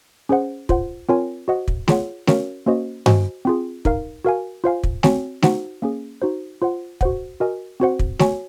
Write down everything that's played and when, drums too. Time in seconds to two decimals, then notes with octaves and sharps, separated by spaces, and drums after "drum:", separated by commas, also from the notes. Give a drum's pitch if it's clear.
0.29 C#4 G#4 C5 F#5
0.69 F4 C5 F#5, drum: kick
1.09 C4 F4 A#4 C#5 G#5
1.48 F#4 C5 D#5 F#5
1.68 drum: kick
1.88 F4 G#4 C#5 F#5, drum: snare A3
2.27 C#4 F#4 A#4 C#5 F5, drum: snare A3
2.66 A#3 C#4 F#4 C5 D#5
3.06 F#4 C5 D#5 G#5, drum: tom G2
3.45 C4 F4 G#4
3.85 D#4 A#4 F5, drum: kick
4.25 F#4 A#4 F5 G#5
4.64 F4 C5 F5 G#5
4.84 drum: kick
5.03 C4 F#4 C#5 G#5, drum: snare A3
5.42 D#4 F#4 C5 F#5, drum: snare A3
5.82 A#3 C#4 G#4
6.22 D#4 F#4 C5
6.62 F4 C5 F#5
7.01 F#4 C5 F#5, drum: kick
7.40 F#4 A#4 D#5 G#5
7.80 C4 F#4 C5 F#5
7.99 drum: kick
8.19 F#4 C#5 G#5, drum: snare A3